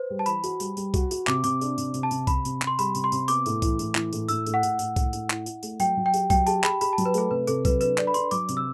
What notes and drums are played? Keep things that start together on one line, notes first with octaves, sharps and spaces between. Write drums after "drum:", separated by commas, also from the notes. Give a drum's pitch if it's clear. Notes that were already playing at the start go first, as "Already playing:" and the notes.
Already playing: B4 C5
G3
A5
E3 B5, drum: tambourine
F#4, drum: tambourine
G3, drum: tambourine
G3, drum: tambourine
F#4, drum: kick, tambourine
F#4, drum: tambourine
C3 D6, drum: clap
C3 D6, drum: tambourine
D4, drum: tambourine
C3, drum: tambourine
C3, drum: tambourine
A5
C3, drum: tambourine
C3 B5, drum: kick, tambourine
C3, drum: tambourine
C3, drum: clap
C6
G3 B5, drum: tambourine
C3, drum: tambourine
C6
C3, drum: tambourine
B3 D6, drum: tambourine
A2, drum: tambourine
E3, drum: kick, tambourine
A2, drum: tambourine
E3, drum: clap
A2, drum: tambourine
A2 E6, drum: tambourine
A2, drum: tambourine
F#5
A2, drum: tambourine
A2, drum: tambourine
A2, drum: kick, tambourine
A2, drum: tambourine
E4, drum: clap
E4, drum: tambourine
A3, drum: tambourine
F#3 G5, drum: tambourine
F#3
G5
G4, drum: tambourine
F#3 G5, drum: kick, tambourine
G4 A5, drum: tambourine
G4 B5, drum: clap
G4 B5, drum: tambourine
A5
F#3, drum: tambourine
B4
A3 A4, drum: tambourine
C3 B4
C3 A4, drum: tambourine
F#3 B4, drum: kick, tambourine
D4 B4, drum: tambourine
D4 D5, drum: clap
B5
D4 C6, drum: tambourine
F#3 D6, drum: tambourine
C3, drum: tambourine
E6